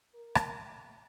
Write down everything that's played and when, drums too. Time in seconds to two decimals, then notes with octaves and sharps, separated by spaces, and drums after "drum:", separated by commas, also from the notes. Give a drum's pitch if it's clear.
0.15 A#4
0.35 drum: rim click
0.70 A3 B3